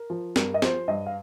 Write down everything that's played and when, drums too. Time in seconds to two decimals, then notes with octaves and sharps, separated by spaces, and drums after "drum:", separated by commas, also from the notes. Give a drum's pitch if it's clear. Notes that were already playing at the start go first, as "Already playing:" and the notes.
Already playing: A#4
0.10 F3
0.36 G2 A#4, drum: snare
0.54 D#5
0.62 F3 C5, drum: snare
0.88 G2 D#5
1.06 F5